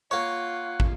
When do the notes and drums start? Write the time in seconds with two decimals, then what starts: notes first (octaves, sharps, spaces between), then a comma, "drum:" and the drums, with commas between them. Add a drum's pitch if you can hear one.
0.11 A#3 F4 C#5 F#5 C#6
0.80 drum: kick